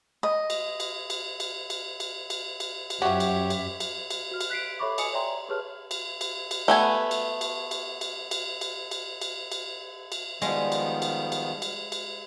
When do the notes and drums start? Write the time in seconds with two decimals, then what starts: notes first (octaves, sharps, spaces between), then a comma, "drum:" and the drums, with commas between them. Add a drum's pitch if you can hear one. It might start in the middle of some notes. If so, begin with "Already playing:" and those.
0.23 D#5
0.50 drum: cymbal
0.80 drum: cymbal
1.10 drum: cymbal
1.40 drum: cymbal
1.70 drum: cymbal
2.00 drum: cymbal
2.30 drum: cymbal
2.60 drum: cymbal
2.90 drum: cymbal
3.02 F#2 F3 F#4 G4 C#5 E5
3.20 drum: cymbal
3.50 drum: cymbal
3.80 drum: cymbal
4.10 drum: cymbal
4.31 F#4 F6
4.41 drum: cymbal
4.50 F#6 B6 C7 D7
4.79 A4 C#5 E5 B5 C#6 D6
4.98 D#5 G#5 D#6 C#7, drum: cymbal
5.13 C#5 D5 E5 G5 A#5 C6
5.49 G4 G#4 B4 C#5 A5 F6
5.91 drum: cymbal
6.21 drum: cymbal
6.51 drum: cymbal
6.68 A3 B3 G#5
7.11 drum: cymbal
7.41 drum: cymbal
7.71 drum: cymbal
8.01 drum: cymbal
8.31 drum: cymbal
8.61 drum: cymbal
8.91 drum: cymbal
9.21 drum: cymbal
9.52 drum: cymbal
10.12 drum: cymbal
10.42 D#3 F3 G3 G#3 B3, drum: cymbal
10.72 drum: cymbal
11.02 drum: cymbal
11.32 drum: cymbal
11.62 drum: cymbal
11.92 drum: cymbal